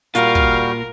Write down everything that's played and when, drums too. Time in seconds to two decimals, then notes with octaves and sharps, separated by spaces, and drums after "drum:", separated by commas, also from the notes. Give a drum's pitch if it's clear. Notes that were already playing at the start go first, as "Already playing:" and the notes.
0.15 A#2 G3 F4 F#4 A#4 F5, drum: hi-hat
0.35 drum: kick